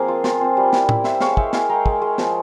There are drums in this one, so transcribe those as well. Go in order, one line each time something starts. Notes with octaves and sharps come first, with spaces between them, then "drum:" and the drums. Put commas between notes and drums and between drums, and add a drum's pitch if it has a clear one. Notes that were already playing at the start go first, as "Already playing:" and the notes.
Already playing: F3 A#3 C4 G#4 A#4 F5 C6
F4
F4, drum: snare
C4
G3
E4, drum: snare
E4, drum: tom
E4 C5 E5, drum: snare
G#3 C#5 F5, drum: snare
G#3 E5 G5, drum: kick
E4 F5 G#5, drum: snare
G#3 G5 A#5
G#3, drum: kick
G#3
F3, drum: snare